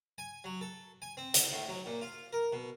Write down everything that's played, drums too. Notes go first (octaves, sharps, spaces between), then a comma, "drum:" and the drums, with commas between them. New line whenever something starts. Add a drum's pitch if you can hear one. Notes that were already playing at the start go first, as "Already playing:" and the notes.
G#5
F#3
A4
G#5
C4
D3, drum: hi-hat
A2
F#3
A#2
F4
A#4
B2